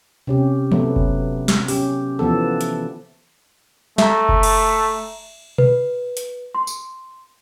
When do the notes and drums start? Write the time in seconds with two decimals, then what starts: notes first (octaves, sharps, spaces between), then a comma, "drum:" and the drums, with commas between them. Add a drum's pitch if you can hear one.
0.27 C3 C#4 G4
0.72 F#3 A3 B3, drum: tom E3
0.96 drum: kick F#1
1.48 drum: snare
1.68 C#4 G4, drum: open hi-hat
2.19 E3 F3 B3 A4
2.61 drum: hi-hat
3.98 A3 E5 A#5, drum: snare
4.29 drum: kick F#1
4.43 drum: cymbal
5.58 B4, drum: tom A#2
6.17 drum: hi-hat
6.55 C6
6.67 drum: tambourine